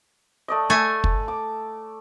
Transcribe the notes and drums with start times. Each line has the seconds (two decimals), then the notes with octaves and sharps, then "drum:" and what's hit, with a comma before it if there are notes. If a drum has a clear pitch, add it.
0.48 A3 D5 D#5
0.70 A3 A4 G#5
1.04 drum: kick
1.28 D6